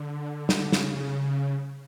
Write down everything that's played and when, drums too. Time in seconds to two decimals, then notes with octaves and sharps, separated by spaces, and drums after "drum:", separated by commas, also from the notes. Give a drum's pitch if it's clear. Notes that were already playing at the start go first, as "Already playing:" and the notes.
Already playing: D3
0.49 D#3, drum: snare
0.55 D3
0.72 C#3, drum: snare